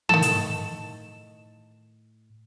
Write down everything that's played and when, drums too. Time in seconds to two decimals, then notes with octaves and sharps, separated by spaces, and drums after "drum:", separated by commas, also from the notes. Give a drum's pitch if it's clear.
0.09 A2 D#3 A4 E7, drum: tom
0.22 drum: hi-hat